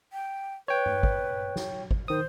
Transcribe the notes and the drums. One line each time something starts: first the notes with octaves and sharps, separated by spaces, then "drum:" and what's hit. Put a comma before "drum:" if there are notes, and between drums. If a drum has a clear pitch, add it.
G5
B4 C#5 G5
drum: tom G2
drum: kick
drum: snare
drum: kick
D#3 C5 D#6